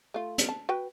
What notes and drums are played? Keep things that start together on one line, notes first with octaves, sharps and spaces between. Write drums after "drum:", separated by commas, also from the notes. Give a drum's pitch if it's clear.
A3 F4
drum: hi-hat
A5
F#4 B4 G5